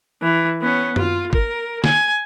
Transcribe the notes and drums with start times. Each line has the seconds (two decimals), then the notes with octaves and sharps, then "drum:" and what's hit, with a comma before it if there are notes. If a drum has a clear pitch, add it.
0.22 E3
0.62 B3 C#4
0.96 F4, drum: tom F#2
1.33 A#4, drum: kick G#1
1.84 G#5, drum: snare